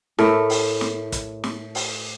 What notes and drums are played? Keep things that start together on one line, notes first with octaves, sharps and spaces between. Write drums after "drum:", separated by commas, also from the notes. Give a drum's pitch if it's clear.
A2 A3 A#4 E5, drum: snare
drum: open hi-hat
drum: snare
drum: kick, hi-hat
drum: snare
drum: open hi-hat